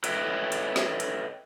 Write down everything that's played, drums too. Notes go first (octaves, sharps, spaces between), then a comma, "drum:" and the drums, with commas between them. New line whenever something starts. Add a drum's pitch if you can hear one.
A4 B4 C#5 D#5 E5 G5, drum: hi-hat
drum: hi-hat
drum: snare
drum: hi-hat